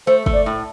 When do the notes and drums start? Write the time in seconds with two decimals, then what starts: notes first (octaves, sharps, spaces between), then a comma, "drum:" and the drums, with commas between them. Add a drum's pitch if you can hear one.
0.07 A3 C5
0.26 A3, drum: kick
0.33 D5
0.46 A2